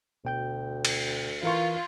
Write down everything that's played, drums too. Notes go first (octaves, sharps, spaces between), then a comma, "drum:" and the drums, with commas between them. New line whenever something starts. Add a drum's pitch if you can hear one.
D2 B2 G5 G6
drum: cymbal
E3 F4 A#4 C#6